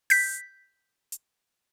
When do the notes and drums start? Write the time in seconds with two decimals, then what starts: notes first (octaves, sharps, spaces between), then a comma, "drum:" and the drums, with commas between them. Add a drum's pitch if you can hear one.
0.10 G6 B6, drum: open hi-hat
1.12 drum: hi-hat